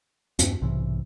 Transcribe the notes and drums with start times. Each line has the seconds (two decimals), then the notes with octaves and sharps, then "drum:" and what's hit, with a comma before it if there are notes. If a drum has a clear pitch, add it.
0.39 E2 G2, drum: hi-hat
0.61 B1 G#2 C3 E3